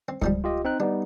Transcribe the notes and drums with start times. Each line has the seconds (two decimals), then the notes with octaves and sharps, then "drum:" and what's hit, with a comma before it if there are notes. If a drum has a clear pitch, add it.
0.09 C4
0.22 G#2 F3 G3, drum: kick C#2
0.44 F4 G4 D#5
0.65 C4 D#4 F#6
0.80 G3 B3 D4 D#4